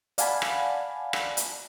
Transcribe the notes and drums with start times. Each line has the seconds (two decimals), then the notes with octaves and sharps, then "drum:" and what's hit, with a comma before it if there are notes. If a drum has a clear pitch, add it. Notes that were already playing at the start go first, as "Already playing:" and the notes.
0.18 D5 F5 F#5 G#5 A5 B5, drum: hi-hat
0.42 drum: rim click
1.13 drum: rim click
1.37 drum: hi-hat